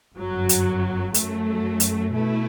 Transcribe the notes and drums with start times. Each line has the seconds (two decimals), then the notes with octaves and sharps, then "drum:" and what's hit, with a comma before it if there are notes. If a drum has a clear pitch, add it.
0.16 G1 F#2 F#3
0.49 drum: hi-hat
1.14 F#2 F#3 A3, drum: hi-hat
1.80 drum: hi-hat
2.13 B2 A3 E4